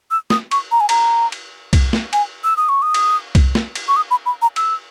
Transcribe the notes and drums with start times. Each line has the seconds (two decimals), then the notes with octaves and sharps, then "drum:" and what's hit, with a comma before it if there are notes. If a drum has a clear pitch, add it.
0.11 E6
0.30 D#6, drum: snare
0.51 C#6, drum: cymbal
0.71 A#5
0.80 G#5
0.89 A#5, drum: cymbal
1.32 drum: cymbal
1.73 drum: kick C2, cymbal
1.93 drum: snare
2.13 G#5, drum: cymbal
2.44 E6
2.57 D#6
2.69 C#6
2.82 D#6
2.94 drum: cymbal
3.35 drum: kick C2, cymbal
3.55 drum: snare
3.75 drum: cymbal
3.88 C#6
3.96 D#6
4.11 B5
4.26 B5
4.42 A#5
4.56 E6, drum: cymbal